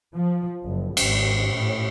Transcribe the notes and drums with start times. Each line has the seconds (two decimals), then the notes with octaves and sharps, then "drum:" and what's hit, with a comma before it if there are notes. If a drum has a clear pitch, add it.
0.15 F3
0.65 F#1
0.97 G#1, drum: cymbal
1.55 A2